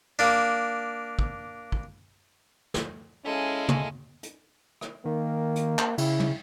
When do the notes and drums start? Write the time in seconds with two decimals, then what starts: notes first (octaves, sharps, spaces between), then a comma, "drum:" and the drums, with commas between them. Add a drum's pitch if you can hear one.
0.19 A#3 D4
1.19 drum: kick
1.72 drum: kick
2.74 drum: snare
3.25 G#3 C#4 E4 A4 F5 G#5
3.69 drum: tom
4.23 drum: hi-hat
4.81 drum: rim click
5.05 D#3 A#3
5.56 drum: hi-hat
5.79 drum: clap
5.98 C#3 E4, drum: cymbal
6.20 drum: tom